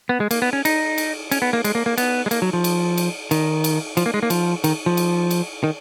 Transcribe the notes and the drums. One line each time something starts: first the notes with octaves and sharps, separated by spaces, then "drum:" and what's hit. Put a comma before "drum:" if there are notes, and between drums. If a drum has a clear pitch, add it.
B3
G#3
A#3, drum: cymbal
B3
C#4
D#4, drum: cymbal
drum: cymbal
C#4, drum: cymbal
B3
A#3
G#3, drum: cymbal
A#3
A#3
B3, drum: cymbal
G#3
A#3, drum: cymbal
F#3
F3
drum: cymbal
drum: cymbal
D#3, drum: cymbal
drum: cymbal
F3, drum: cymbal
A#3
G#3
A#3
F3, drum: cymbal
D#3, drum: cymbal
F3
drum: cymbal
drum: cymbal
D#3